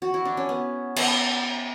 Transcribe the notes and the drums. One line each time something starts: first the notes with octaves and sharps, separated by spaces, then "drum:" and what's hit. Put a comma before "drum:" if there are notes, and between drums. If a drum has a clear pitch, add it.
F#4
E4
D4
C#4
B3
B3, drum: cymbal